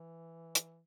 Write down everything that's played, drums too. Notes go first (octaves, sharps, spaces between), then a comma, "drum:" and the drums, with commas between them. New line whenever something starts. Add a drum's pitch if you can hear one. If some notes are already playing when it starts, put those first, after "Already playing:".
Already playing: E3
drum: hi-hat